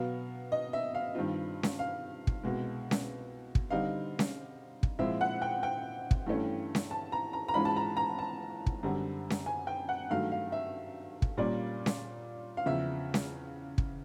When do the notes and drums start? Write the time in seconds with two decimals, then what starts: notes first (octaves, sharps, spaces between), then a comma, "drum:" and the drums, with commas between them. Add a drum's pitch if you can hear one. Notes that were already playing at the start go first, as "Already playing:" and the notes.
Already playing: B2 F#3 B3 F5
0.52 D#5
0.73 E5
0.95 F5
1.15 G2 D#3 G3 C4 F4
1.63 drum: snare C#4
1.79 F5
2.27 drum: kick
2.43 C2 B2 G#3
2.91 drum: snare C#4
3.55 drum: kick
3.71 D3 G3 C4 D#4 F5
4.19 drum: snare C#4
4.83 drum: kick
4.99 A#2 F3 G#3 C4 E4 E5
5.21 F#5
5.42 G5
5.63 G5
6.11 drum: kick
6.26 G2 E3 A3 C#4
6.75 drum: snare C#4
6.91 A5
7.12 A#5
7.33 A#5
7.48 A#5
7.54 G#2 E3 G#3 C#4 F4 B5
7.65 A5
7.76 A#5
7.97 A#5
8.19 A5
8.66 drum: kick
8.83 F#2 D3 G3 C4
9.30 drum: snare C#4
9.46 G#5
9.67 G5
9.89 F#5
10.10 G2 D#3 F#3 A3 F5
10.32 F5
10.52 E5
11.22 drum: kick
11.38 A#2 G3 A#3 C#4 F4 D5
11.86 drum: snare C#4
12.57 F5
12.66 E2 C#3 F3 E5
13.14 drum: snare C#4
13.78 drum: kick